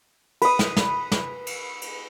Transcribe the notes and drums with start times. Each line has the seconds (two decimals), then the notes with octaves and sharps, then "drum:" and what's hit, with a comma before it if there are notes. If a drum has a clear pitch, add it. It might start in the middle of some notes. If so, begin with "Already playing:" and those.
0.42 B4 D#6, drum: cymbal
0.59 drum: snare
0.77 drum: snare
1.12 drum: snare
1.46 drum: cymbal
1.81 drum: cymbal